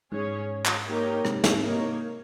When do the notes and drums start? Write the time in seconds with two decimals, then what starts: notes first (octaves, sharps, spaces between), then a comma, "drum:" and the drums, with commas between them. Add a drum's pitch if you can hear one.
0.11 G#2 C#4 G#4 C#5
0.65 drum: clap
0.87 A#3 D#4 G4 A#4 C#5
1.25 G#2 C3, drum: rim click
1.44 G#2 C3, drum: snare
1.63 A#3 D#4 A#4 C#5